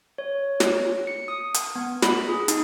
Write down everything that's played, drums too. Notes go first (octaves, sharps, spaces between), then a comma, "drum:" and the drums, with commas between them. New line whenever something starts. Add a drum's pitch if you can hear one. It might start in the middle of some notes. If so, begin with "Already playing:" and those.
C#5
drum: snare
C#7
D#6
drum: hi-hat
B3
B5, drum: snare
G#4
D#4, drum: hi-hat